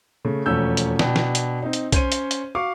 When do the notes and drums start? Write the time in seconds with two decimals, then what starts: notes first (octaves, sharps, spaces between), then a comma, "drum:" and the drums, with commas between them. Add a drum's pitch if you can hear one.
0.25 C#3 A3
0.46 E1 F2 A3 C#4 E6 G6
0.77 drum: hi-hat
0.99 B2 D4 G5, drum: snare
1.16 drum: snare
1.35 drum: hi-hat
1.62 C4 D#4
1.73 drum: hi-hat
1.92 C#4 C5 C#5 D#7, drum: kick B1, hi-hat
2.12 drum: hi-hat
2.31 drum: hi-hat
2.55 F#4 F5 C#6 D6